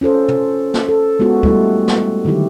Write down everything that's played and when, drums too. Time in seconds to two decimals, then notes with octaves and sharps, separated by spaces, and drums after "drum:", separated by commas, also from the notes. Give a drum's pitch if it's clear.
0.01 C#4 F4 A4 C5
0.28 drum: tom
0.74 drum: snare
0.89 A4
1.19 G#3 B3 F4 F#4 A4
1.43 G3 A3 E4, drum: kick
1.88 drum: snare
2.25 D3 D#3 F#3 E4 G4